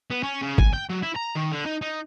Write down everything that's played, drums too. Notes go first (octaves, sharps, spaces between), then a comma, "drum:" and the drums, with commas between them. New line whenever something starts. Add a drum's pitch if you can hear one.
B3
C#4
C#3
G#5, drum: kick G#1
G5
F#3
E4
A#5
D#3
D3
D#4
D#4